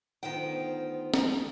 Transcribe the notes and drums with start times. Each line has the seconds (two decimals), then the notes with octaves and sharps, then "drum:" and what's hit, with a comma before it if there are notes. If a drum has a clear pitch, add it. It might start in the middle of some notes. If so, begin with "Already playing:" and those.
0.23 D2 D#3 B3 F4 C5 G5
1.14 drum: snare